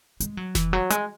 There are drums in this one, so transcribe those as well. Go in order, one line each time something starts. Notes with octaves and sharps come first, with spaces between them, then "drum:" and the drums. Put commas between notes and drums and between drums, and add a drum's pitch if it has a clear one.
G#3, drum: hi-hat
F#3
E3, drum: snare F1
F#3
G#3, drum: hi-hat